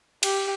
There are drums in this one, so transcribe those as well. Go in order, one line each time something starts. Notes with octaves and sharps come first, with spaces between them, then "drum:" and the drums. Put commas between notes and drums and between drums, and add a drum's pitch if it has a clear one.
G4, drum: cymbal